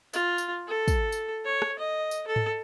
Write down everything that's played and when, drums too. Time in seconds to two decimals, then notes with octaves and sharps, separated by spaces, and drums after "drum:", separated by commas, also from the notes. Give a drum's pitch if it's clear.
0.13 F4, drum: tambourine
0.38 drum: tambourine
0.67 A4
0.88 drum: kick, tambourine
1.12 drum: tambourine
1.45 C#5
1.62 drum: rim click
1.79 D#5
2.11 drum: tambourine
2.27 A4
2.36 drum: tom G#2